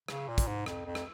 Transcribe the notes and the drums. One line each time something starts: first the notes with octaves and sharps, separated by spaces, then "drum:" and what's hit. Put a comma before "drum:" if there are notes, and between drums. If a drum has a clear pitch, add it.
C#3, drum: rim click
A#2
drum: kick, hi-hat
G#2
F2, drum: rim click
F2
drum: rim click